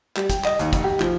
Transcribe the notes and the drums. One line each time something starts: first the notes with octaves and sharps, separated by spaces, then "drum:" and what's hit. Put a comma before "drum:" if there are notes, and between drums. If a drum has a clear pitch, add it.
G3, drum: clap
G5, drum: kick, hi-hat
D#5, drum: clap
D#2, drum: hi-hat
F1, drum: kick, hi-hat
G4
F3, drum: clap